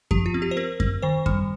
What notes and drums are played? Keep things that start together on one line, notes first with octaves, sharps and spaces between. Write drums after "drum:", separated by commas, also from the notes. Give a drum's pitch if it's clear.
F3 G4, drum: kick F#2
F4
C4
G4
C5
C4 A#4
C4, drum: kick F#2
D#3 C5
G3, drum: kick F#2